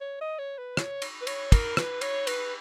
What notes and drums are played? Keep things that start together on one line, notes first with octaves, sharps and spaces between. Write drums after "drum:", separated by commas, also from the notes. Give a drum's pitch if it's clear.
C#5
D#5
C#5
B4
C#5, drum: rim click
drum: cymbal
B4
C#5, drum: cymbal
A#4, drum: kick, cymbal
B4, drum: rim click
C#5, drum: cymbal
B4, drum: cymbal